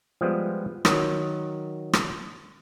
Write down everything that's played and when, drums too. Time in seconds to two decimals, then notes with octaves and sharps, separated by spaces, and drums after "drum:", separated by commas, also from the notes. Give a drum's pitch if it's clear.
0.21 F3 G3 G#3 B3
0.85 D#3 F#3, drum: rim click
1.93 drum: rim click